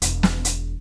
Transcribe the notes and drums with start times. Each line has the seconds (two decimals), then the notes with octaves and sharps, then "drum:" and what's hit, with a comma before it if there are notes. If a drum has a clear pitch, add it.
0.02 E1 E2, drum: hi-hat
0.23 drum: snare
0.45 drum: hi-hat